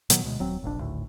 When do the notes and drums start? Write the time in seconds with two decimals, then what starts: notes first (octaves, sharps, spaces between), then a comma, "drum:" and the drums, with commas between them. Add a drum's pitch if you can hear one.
0.10 A#2 D#3 F#3 B3, drum: hi-hat
0.23 D2 B2 G#3
0.39 D#1 F#3 C4
0.62 F1 A#1 F2 D4
0.80 G#1 D2 A2